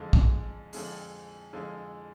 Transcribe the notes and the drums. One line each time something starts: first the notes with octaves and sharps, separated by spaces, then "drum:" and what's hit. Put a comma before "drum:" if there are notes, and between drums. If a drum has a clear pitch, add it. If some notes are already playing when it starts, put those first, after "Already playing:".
Already playing: F2 D3 G#3
drum: kick
F2 D3 G#3, drum: open hi-hat
F2 D3 G#3